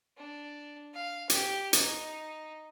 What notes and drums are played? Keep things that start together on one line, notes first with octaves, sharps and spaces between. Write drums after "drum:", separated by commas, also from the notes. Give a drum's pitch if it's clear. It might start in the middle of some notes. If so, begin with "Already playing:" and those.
D4
F5
G4, drum: hi-hat
D#4, drum: hi-hat